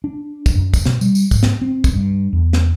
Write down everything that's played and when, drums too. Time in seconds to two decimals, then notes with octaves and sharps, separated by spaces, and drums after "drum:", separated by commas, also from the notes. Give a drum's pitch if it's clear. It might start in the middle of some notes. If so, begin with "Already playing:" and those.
0.04 D4
0.46 drum: kick, tambourine
0.55 F#2
0.74 drum: kick, tambourine
0.85 B2, drum: snare
1.01 G3, drum: tambourine
1.15 drum: tambourine
1.31 G#2, drum: kick, tambourine
1.43 drum: snare
1.62 C4
1.84 drum: kick, tambourine
1.93 G2
2.33 E2
2.53 drum: snare